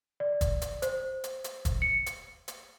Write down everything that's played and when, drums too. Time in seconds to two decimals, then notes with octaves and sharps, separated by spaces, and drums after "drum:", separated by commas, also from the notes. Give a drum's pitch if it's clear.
0.20 D5
0.41 drum: kick, hi-hat
0.62 drum: hi-hat
0.82 C5, drum: hi-hat
1.24 drum: hi-hat
1.44 drum: hi-hat
1.65 drum: kick, hi-hat
1.82 C#7
2.06 drum: hi-hat
2.48 drum: hi-hat